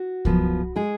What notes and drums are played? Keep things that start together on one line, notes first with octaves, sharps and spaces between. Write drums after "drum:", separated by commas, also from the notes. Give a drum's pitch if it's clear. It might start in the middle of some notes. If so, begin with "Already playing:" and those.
Already playing: F#4
F#2 F3 B3, drum: kick C2
G#3 G#4